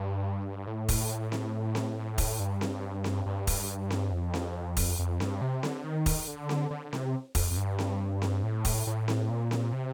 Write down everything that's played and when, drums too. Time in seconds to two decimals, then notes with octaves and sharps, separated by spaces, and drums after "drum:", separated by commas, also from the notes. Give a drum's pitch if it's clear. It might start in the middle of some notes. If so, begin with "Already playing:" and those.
Already playing: G2
0.68 A2
0.89 drum: kick, open hi-hat
1.32 drum: snare C4
1.75 drum: snare C4
2.18 drum: kick, open hi-hat
2.40 G2
2.61 drum: snare C4
3.04 drum: snare C4
3.26 G2
3.47 drum: kick, open hi-hat
3.90 drum: snare C4
4.11 F2
4.34 drum: snare C4
4.77 drum: kick, open hi-hat
4.99 F2
5.20 G2, drum: snare C4
5.42 C3
5.63 D3, drum: snare C4
5.84 D#3
6.06 drum: kick, open hi-hat
6.27 D3
6.49 drum: snare C4
6.71 D3
6.93 C3, drum: snare C4
7.35 F2, drum: kick, open hi-hat
7.51 F2
7.57 G2
7.79 drum: snare C4
8.22 drum: snare C4
8.43 A2
8.65 drum: kick, open hi-hat
8.87 A2
9.08 drum: snare C4
9.30 A#2
9.51 drum: snare C4
9.73 C3